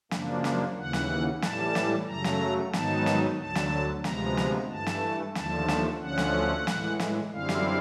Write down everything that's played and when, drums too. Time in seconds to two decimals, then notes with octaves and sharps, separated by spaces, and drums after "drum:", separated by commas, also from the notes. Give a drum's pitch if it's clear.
0.11 F#2 C#3 F3 A#3 D4, drum: snare
0.44 drum: snare
0.77 D#2 C#3 E3 F#5
0.93 drum: snare
1.42 A2 E3 G3 A5, drum: snare
1.75 drum: snare
2.08 F#2 C#3 F#3 A3 A#5
2.24 drum: snare
2.73 G#2 D#3 F#3 B3 D#4 A5, drum: snare
3.06 drum: snare
3.39 D2 D3 F#3 A5
3.55 drum: snare
4.04 D2 C3 F3 G#3 B3 A#5, drum: snare
4.37 drum: snare
4.70 G2 E3 A3 A5
4.86 drum: snare
5.35 D#2 D3 F3 A3 A5, drum: snare
5.68 drum: snare
6.01 D2 D3 F3 A3 C#4 F#5
6.18 drum: snare
6.67 A2 E3 G#3, drum: snare
7.00 drum: snare
7.32 F#2 D3 G3 C4 E4 F5
7.49 drum: snare